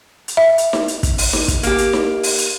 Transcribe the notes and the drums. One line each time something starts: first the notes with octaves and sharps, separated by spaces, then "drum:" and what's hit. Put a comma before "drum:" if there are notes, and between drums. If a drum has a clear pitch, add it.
drum: hi-hat
E5
drum: hi-hat
drum: snare D#4
drum: hi-hat
drum: kick, hi-hat
drum: open hi-hat
drum: snare D#4
drum: kick, hi-hat
A#3 G4, drum: hi-hat
drum: hi-hat
drum: snare D#4
drum: open hi-hat
drum: hi-hat